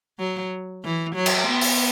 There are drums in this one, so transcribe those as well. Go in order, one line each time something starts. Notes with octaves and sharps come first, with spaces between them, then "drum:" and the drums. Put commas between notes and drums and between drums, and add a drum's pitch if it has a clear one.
F#3
E3
F#3
drum: cymbal
B3
drum: open hi-hat